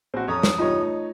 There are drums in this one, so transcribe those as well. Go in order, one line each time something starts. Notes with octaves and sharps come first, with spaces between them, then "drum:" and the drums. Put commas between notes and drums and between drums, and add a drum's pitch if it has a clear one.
A#1 C4 F#4
F2 C#4 A4 C#5 A#5 D#6
drum: snare
E2 G2 C3 D#4 F4 C#5
A3 D#5